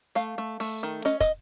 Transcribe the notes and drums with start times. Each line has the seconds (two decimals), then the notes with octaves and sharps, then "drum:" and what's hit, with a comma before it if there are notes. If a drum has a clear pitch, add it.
0.15 A3 F5, drum: hi-hat
0.38 A3
0.60 A3, drum: open hi-hat
0.83 D#3
1.05 C#4 D#5, drum: hi-hat
1.20 D#5, drum: kick, hi-hat